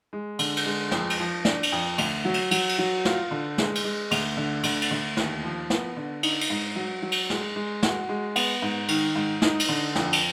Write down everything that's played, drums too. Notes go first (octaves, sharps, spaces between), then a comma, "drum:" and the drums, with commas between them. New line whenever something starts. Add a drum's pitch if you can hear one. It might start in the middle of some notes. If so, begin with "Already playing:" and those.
G#3
D3, drum: cymbal
drum: cymbal
G#3
F2, drum: snare
drum: cymbal
F3
D4, drum: snare
drum: cymbal
F2
D2, drum: cymbal
F#3
drum: cymbal
F#3, drum: cymbal
drum: cymbal
F#3
F4, drum: snare
D3
G#3, drum: snare
drum: cymbal
G#3
D2, drum: cymbal
D3
D2, drum: cymbal
drum: cymbal
D2
D#2, drum: snare
F3
B3, drum: snare
D3
D#4, drum: cymbal
drum: cymbal
G#2
F#3
F#3
drum: cymbal
G#3, drum: snare
G#3
F#4, drum: snare
G#3
B3, drum: cymbal
G#2
D#3, drum: cymbal
G#2
D#4, drum: snare
drum: cymbal
D3
F2, drum: snare
drum: cymbal